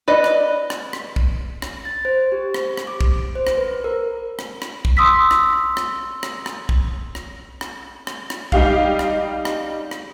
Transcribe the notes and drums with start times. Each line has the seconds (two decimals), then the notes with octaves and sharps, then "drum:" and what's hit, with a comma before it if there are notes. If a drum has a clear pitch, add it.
0.08 B4 D5 D#5
0.24 drum: rim click
0.70 drum: rim click
0.93 drum: rim click
1.16 drum: kick
1.62 drum: rim click
1.85 A6
2.05 C5
2.32 G4
2.54 drum: rim click
2.77 drum: rim click
2.87 D6
3.01 drum: kick
3.35 C5
3.47 drum: rim click
3.57 B4
3.84 A#4
4.39 drum: rim click
4.62 drum: rim click
4.85 drum: kick
4.97 C6 D#6 E6 B6
5.31 drum: rim click
5.77 drum: rim click
6.23 drum: rim click
6.46 drum: rim click
6.69 drum: kick
7.15 drum: rim click
7.61 drum: rim click
8.07 drum: rim click
8.30 drum: rim click
8.52 G3 D#4 G4 F5, drum: kick
8.99 drum: rim click
9.45 drum: rim click
9.91 drum: rim click